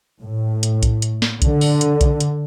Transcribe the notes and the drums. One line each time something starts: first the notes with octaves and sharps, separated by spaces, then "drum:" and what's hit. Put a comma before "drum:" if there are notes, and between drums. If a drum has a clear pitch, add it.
A2
drum: hi-hat
drum: kick B1, hi-hat
drum: hi-hat
drum: snare
D3, drum: kick B1, hi-hat
drum: open hi-hat
drum: hi-hat
drum: kick B1, hi-hat
drum: hi-hat